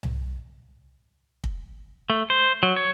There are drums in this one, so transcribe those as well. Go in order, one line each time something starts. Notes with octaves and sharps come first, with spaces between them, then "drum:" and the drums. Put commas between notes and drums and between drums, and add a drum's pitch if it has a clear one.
drum: tom C2
drum: kick
A3
C5
F#3
C#5